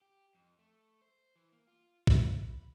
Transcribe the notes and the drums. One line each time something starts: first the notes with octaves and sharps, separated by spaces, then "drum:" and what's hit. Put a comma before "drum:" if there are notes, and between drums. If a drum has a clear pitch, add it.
G4
F2
A3
C5
E3
A#3
F4
F5, drum: kick
B5